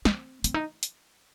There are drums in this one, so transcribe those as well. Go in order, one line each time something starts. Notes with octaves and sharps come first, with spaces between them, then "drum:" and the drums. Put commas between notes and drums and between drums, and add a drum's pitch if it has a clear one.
C4, drum: snare
C4, drum: hi-hat
D#4
drum: hi-hat